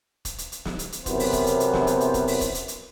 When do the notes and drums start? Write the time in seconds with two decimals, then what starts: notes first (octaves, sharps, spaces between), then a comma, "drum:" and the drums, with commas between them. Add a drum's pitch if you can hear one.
0.25 drum: kick, hi-hat
0.38 drum: hi-hat
0.52 drum: hi-hat
0.65 drum: snare
0.79 drum: hi-hat
0.92 drum: hi-hat
1.06 B1 F#2 C3 E3 B3 C5, drum: kick, hi-hat
1.19 drum: open hi-hat
1.33 drum: kick, hi-hat
1.46 drum: hi-hat
1.60 drum: hi-hat
1.73 drum: snare
1.87 drum: hi-hat
2.00 drum: hi-hat
2.14 drum: kick, hi-hat
2.27 drum: open hi-hat
2.41 drum: kick, hi-hat
2.54 drum: hi-hat
2.68 drum: hi-hat